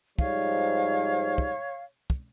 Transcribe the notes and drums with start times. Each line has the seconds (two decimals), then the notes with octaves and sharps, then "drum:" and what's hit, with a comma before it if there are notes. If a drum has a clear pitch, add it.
0.19 G#2 F3 G3 C#5 F5, drum: kick
1.38 drum: kick
2.10 drum: kick